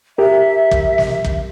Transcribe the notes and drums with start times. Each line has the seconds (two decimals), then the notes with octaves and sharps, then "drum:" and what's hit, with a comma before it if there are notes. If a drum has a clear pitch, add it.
0.18 G4 A#4 E5
0.71 drum: kick
0.98 drum: snare
1.24 drum: kick